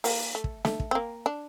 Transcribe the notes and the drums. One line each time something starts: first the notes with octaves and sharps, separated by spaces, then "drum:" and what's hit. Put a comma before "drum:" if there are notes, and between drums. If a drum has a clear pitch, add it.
A#3, drum: open hi-hat
A3
drum: kick
A3, drum: snare
drum: kick
C4
A#3
D4